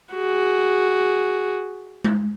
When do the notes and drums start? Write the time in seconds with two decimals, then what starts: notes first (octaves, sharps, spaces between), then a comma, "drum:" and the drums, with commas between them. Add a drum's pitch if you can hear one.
0.14 F#4 G#4
2.04 drum: tom G#3